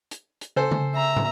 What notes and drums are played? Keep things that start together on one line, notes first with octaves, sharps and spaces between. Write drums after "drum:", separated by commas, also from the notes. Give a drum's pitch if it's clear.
drum: hi-hat
drum: hi-hat
C#3 A4 C5 G#5
drum: tom C#3
E5 A#5
drum: tom